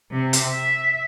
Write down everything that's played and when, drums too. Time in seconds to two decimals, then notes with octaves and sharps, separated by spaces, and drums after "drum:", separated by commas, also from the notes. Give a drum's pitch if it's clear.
0.11 C3
0.33 drum: hi-hat
0.51 E5